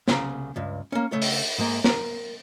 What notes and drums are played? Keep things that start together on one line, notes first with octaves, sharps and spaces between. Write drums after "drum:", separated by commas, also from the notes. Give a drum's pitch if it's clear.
C2 C#3 C5 A#5, drum: snare
C#2 G2
A#3 C#4
C#3 A3 C#5
drum: open hi-hat
G#2 G#3 A#3
A#4, drum: snare